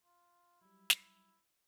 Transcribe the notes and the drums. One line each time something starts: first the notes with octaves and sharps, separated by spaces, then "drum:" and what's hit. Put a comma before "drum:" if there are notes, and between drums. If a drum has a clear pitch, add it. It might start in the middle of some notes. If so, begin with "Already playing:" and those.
F4
F#3 G3 E4
drum: snare